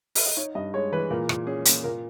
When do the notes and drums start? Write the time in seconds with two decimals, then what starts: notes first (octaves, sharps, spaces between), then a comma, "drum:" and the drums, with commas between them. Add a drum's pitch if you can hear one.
0.15 E5, drum: open hi-hat
0.26 D#5
0.37 D#4 C#5
0.55 G2 D#5
0.74 G#3 C#5
0.92 E3 B4
1.10 A#2 A#4
1.29 A#2, drum: rim click
1.47 C#4 G#4
1.65 A#3, drum: hi-hat
1.84 A#2 A#4